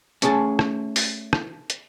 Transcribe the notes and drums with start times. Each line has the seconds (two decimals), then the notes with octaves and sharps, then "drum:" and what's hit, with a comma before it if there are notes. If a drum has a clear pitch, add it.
0.22 A3 C#4 G#4 G#5 A5, drum: hi-hat
0.59 drum: rim click
0.96 drum: open hi-hat
1.33 drum: rim click
1.70 drum: hi-hat